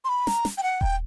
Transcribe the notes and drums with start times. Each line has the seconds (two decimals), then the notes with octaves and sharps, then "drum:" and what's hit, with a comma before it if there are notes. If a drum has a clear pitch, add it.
0.05 C6
0.09 B5
0.27 A#5, drum: snare
0.45 drum: snare
0.58 G5
0.63 F#5
0.81 G5, drum: kick D#1